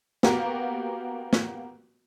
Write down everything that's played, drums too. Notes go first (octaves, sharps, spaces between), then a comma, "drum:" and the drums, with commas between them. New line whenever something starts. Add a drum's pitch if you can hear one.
A#3 B3 F#4 G4 A#4, drum: snare
drum: snare